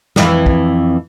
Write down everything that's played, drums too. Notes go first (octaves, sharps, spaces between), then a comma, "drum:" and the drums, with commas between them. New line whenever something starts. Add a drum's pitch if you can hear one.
F2 E3, drum: snare
drum: kick